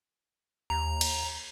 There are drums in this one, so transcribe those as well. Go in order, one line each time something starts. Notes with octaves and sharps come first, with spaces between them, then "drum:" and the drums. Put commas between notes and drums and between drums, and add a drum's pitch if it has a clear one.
D#2 A#5
drum: cymbal